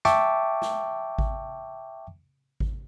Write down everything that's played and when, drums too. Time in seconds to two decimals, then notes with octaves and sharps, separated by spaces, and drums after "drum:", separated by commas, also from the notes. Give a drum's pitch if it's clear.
0.05 E5 G5 A5 C#6 D6, drum: snare
0.62 drum: snare
1.19 drum: kick G#1
2.60 drum: kick G#1